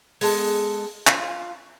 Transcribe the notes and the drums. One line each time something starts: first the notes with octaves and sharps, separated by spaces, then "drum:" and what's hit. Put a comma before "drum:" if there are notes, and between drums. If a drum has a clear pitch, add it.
G#3 B3 A4, drum: open hi-hat
F4, drum: clap